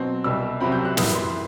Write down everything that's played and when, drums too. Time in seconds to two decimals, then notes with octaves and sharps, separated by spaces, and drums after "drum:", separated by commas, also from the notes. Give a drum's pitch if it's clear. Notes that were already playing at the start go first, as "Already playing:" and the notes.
Already playing: B2 F#3 C4
0.24 C2 B2 G3 E6
0.60 C2 C3 F#3 C4 B5
0.72 G6
0.85 F#6
0.97 F#2 E3 G3 D#6, drum: snare
1.15 C6